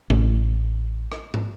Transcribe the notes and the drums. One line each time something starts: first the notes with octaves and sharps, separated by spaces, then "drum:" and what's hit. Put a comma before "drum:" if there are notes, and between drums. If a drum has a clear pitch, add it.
A1, drum: tom C3
drum: rim click
drum: tom